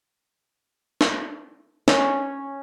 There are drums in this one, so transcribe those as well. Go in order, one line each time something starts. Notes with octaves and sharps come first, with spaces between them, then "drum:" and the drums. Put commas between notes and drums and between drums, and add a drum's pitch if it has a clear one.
drum: snare
C#4, drum: snare